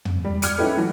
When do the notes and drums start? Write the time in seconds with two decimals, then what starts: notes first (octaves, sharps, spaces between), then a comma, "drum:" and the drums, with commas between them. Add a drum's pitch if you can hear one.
0.05 drum: tom
0.25 G3
0.42 D6 F6 G#6 C#7 D#7, drum: hi-hat
0.58 C#4 D#4 E4 G4 A4 B4
0.77 E3 F#3 A3